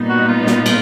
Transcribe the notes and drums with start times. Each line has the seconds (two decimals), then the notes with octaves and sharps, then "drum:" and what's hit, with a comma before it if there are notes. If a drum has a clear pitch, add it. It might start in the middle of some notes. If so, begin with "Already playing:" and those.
Already playing: A#2 G3 B3 D#4
0.09 F#4
0.28 F4
0.47 drum: snare
0.66 drum: cymbal